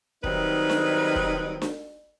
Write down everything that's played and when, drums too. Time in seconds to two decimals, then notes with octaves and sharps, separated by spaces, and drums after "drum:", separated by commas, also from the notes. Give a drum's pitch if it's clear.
0.24 D#3 F#3 G3 C4 D#4 B4, drum: kick
0.70 drum: snare D4
1.16 drum: kick
1.62 drum: snare D4